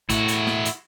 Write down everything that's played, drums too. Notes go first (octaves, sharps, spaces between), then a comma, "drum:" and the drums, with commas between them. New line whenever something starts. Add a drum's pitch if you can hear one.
A2 E4 F#4, drum: kick, hi-hat
drum: hi-hat
drum: snare
drum: hi-hat